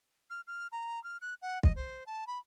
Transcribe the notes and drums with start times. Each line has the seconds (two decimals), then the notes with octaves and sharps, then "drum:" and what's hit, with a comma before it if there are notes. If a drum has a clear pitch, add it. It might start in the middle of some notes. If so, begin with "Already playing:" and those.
0.30 F6
0.47 F6
0.72 A#5
1.04 F6
1.21 F#6
1.42 F#5
1.63 D#5, drum: kick
1.76 C5
2.07 A5
2.27 B5